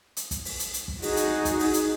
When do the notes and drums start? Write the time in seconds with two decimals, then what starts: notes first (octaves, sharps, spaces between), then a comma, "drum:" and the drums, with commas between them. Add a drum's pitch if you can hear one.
0.17 drum: hi-hat
0.31 drum: kick, hi-hat
0.45 drum: open hi-hat
0.59 drum: hi-hat
0.74 drum: hi-hat
0.88 drum: kick
1.02 D#4 F#4 G#4, drum: open hi-hat
1.17 drum: hi-hat
1.45 drum: kick, hi-hat
1.59 drum: open hi-hat
1.74 drum: hi-hat